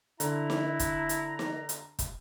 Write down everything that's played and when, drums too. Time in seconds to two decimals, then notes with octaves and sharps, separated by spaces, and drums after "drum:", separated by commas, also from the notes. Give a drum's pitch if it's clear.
0.20 D3 E4 A#5, drum: hi-hat
0.50 drum: snare
0.79 drum: kick, hi-hat
1.09 drum: hi-hat
1.39 drum: snare
1.69 drum: hi-hat
1.99 drum: kick, hi-hat